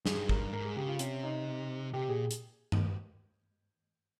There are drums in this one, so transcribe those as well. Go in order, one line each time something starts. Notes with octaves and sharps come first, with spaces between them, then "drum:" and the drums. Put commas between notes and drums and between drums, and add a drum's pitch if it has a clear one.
G2 G#4, drum: snare
A#4, drum: kick
G#2 A#4
G#4
C#3 G4
F4
C3 C#4, drum: hi-hat
D#4
C3 G4
A#2 G#4
drum: hi-hat
drum: tom G2